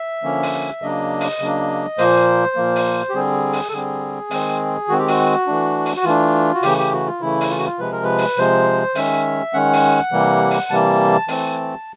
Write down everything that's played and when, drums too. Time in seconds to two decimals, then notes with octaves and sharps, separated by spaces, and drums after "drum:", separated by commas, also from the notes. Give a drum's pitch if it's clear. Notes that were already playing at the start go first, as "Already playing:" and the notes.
Already playing: E5
0.23 D3 F3 A#3 C#4
0.43 drum: open hi-hat
0.82 C#3 F#3 A#3 D4 D#5
1.20 drum: open hi-hat
1.39 C#3 F#3 A#3 D4
1.98 A#2 F3 A#3 C5, drum: open hi-hat
2.56 A#2 F3 A#3
2.76 drum: open hi-hat
3.09 G4
3.14 D3 G3 C4 G#4
3.53 drum: open hi-hat
3.69 A4
3.72 D3 G3 C4 G#4
4.31 D#3 G#3 C4, drum: open hi-hat
4.88 D#3 G#3 C4 F#4
4.99 G4
5.08 F#4, drum: open hi-hat
5.47 E3 A3 D4
5.86 drum: open hi-hat
5.97 F#4
6.04 E3 A3 D4 F4
6.54 F#4
6.63 C#3 E3 A3 G4, drum: open hi-hat
6.78 G4
6.92 F#4
7.06 F4
7.21 C#3 E3 A3 E4
7.41 drum: open hi-hat
7.50 F4
7.58 F#4
7.66 F4
7.79 C3 F3 G#3 B4
7.92 A#4
8.04 B4
8.18 drum: open hi-hat
8.37 C3 F3 G#3 C5
8.95 D#3 G#3 C#4 E5, drum: open hi-hat
9.53 D#3 G#3 C#4 F#5
9.73 drum: open hi-hat
10.12 C3 E3 G3 A#3
10.51 drum: open hi-hat
10.70 C3 E3 G3 A#3 A5
11.28 E3 A3 C4, drum: open hi-hat